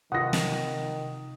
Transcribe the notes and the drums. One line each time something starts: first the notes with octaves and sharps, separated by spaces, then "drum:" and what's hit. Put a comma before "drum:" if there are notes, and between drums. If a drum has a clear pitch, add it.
C3 D#3 F4 F#5 D#6 A#6
drum: snare